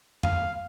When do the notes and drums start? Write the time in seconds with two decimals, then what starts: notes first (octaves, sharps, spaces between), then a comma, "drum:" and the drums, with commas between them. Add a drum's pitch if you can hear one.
0.23 F5, drum: tom F2